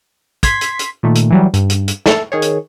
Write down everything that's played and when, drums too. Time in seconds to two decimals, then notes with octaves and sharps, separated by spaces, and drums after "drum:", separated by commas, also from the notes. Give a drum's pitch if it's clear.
0.43 C6 G#6 B6, drum: kick, hi-hat
0.61 drum: hi-hat
0.79 drum: hi-hat
1.03 A#2 D#3 A3
1.15 drum: hi-hat
1.30 E3 F#3 G3
1.54 G2, drum: hi-hat
1.70 drum: hi-hat
1.88 drum: hi-hat
2.06 A3 A4, drum: snare
2.32 D#3 G#4 C#5
2.42 drum: hi-hat